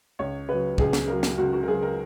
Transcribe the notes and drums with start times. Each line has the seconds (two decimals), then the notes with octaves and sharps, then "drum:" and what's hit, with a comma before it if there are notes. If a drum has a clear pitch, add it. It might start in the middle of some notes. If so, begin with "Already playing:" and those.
0.19 C#2 C#5
0.48 C#3 F#3 B4
0.78 C#2 G#4, drum: kick
0.93 drum: snare
1.08 C#3 F#3 A#4
1.23 drum: snare
1.38 C#2 F#4
1.53 F#4
1.63 A#4
1.67 C#3 F#3 G#4
1.82 A#4